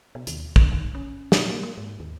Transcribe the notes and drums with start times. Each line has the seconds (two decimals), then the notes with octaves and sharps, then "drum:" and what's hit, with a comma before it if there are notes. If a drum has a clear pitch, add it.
0.15 B2
0.27 D#2, drum: hi-hat
0.56 D3, drum: kick
0.72 D#3
0.95 C#4
1.32 A#2, drum: snare
1.50 A#3
1.63 A#3
1.78 G#2
2.00 D#2